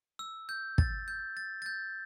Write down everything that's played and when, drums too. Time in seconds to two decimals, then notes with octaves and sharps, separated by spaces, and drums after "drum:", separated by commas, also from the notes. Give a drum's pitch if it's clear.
0.19 E6
0.49 G6
0.78 A6, drum: kick
1.08 G6
1.37 A6
1.62 A6
1.66 G6